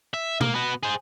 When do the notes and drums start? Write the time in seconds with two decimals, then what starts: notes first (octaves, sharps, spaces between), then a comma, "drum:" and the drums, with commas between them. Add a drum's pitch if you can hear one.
0.14 E5
0.41 A#3, drum: tom B2
0.54 B3 F#4
0.83 G#4 C5